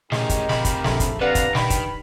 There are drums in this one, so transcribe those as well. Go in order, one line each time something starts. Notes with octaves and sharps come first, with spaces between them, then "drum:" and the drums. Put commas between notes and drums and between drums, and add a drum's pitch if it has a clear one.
A2 G#3 C#4 D#4 G4 A#4, drum: snare
drum: kick, hi-hat
C3 F3 B5, drum: snare
drum: kick, hi-hat
A#1 A3 B5, drum: snare
drum: kick, hi-hat
G2 C3 B4 D5 F5 F#5 A#5
drum: kick, hi-hat
D#3 G5 B5, drum: snare
drum: kick, hi-hat